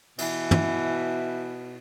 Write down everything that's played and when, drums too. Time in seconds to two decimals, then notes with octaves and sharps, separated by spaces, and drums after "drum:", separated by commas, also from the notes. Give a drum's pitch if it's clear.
0.18 B2 E3 E5, drum: cymbal
0.51 drum: tom